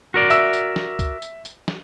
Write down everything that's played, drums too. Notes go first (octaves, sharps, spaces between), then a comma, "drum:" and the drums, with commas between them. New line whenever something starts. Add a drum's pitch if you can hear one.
F#4 A#4 D5
E5 E6, drum: tambourine
drum: tambourine
drum: snare
drum: kick, tambourine
drum: tambourine
drum: tambourine
drum: snare